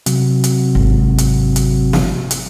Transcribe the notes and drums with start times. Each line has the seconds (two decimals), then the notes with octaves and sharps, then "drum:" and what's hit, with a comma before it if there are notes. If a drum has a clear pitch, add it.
0.06 C3 F#3, drum: hi-hat
0.44 drum: hi-hat
0.75 G#1
1.18 drum: hi-hat
1.56 drum: hi-hat
1.93 drum: snare
2.31 drum: hi-hat